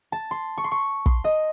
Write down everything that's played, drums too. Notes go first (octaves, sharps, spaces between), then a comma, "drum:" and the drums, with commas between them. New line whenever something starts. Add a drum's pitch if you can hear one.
A5
C6
C#6
C6
C#6
C6, drum: kick
D#5